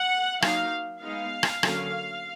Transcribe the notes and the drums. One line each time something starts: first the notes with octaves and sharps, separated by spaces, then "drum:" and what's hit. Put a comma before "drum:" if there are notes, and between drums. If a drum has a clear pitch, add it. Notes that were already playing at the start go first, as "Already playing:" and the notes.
Already playing: F#5
F#3 A#3 D#4 F5, drum: rim click
G#3 B3 D#4 F5
drum: rim click
D3 F#3 A#3 C#4, drum: rim click